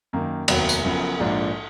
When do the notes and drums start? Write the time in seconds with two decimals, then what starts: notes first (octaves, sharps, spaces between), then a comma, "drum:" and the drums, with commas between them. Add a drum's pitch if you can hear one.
0.13 F#2 D#3 A#3
0.48 F1 D#2 D#3 F#3 B3, drum: cymbal
0.69 drum: tambourine
0.84 F#1 F#2 F3 B3
1.20 A#1 G#2 F3 A#3 D4